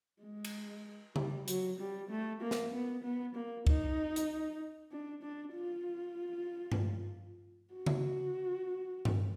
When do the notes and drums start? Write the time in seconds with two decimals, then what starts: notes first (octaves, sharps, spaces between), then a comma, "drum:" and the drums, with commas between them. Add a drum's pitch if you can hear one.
0.22 G#3
0.45 drum: cymbal
1.16 G3, drum: tom C#3
1.48 F#3, drum: hi-hat
1.79 G3
2.10 A3
2.42 A#3
2.51 drum: snare
2.73 B3
3.03 B3
3.35 A#3
3.67 D#4, drum: kick
4.16 drum: hi-hat
4.91 D4
5.23 D4
5.54 F4
6.72 drum: tom G2
7.74 F#4
7.86 drum: tom C#3
9.05 drum: tom G2